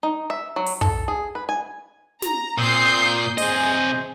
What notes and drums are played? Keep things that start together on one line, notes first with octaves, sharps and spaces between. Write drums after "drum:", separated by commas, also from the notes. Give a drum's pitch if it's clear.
D#4
E5
F#3
drum: open hi-hat
A4, drum: kick
G#4
B4
G#5
A#5, drum: snare
A#2 C4 D#6 G6 C7
C3 G#4 C5 D#5, drum: open hi-hat